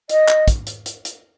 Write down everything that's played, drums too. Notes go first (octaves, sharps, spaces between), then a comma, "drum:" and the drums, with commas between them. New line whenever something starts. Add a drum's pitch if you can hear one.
D#5, drum: hi-hat
drum: clap
drum: kick, hi-hat
drum: hi-hat
drum: hi-hat
drum: hi-hat